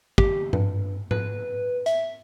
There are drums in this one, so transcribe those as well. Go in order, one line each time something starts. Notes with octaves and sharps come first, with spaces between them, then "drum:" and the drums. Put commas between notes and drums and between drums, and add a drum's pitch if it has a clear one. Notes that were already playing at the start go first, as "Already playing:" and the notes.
G4, drum: kick
G2, drum: tom G#2
B4, drum: tom G#2
E5, drum: hi-hat